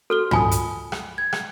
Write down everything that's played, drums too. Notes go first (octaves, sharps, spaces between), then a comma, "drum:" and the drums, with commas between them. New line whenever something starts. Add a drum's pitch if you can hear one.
F#4 A4 F6 G7
F4 G#5 B5 D#6, drum: tom
drum: hi-hat
drum: rim click
G#6
drum: rim click